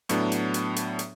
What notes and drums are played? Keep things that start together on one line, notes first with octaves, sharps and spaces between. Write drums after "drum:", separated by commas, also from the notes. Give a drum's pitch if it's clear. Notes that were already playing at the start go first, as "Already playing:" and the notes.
A2 F#3 B3 D4, drum: hi-hat
drum: hi-hat
drum: hi-hat
drum: hi-hat
drum: hi-hat